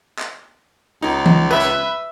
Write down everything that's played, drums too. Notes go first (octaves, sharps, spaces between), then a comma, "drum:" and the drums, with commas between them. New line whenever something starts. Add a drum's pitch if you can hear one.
drum: clap
C#2 D#4
drum: tom
B4 E5
drum: hi-hat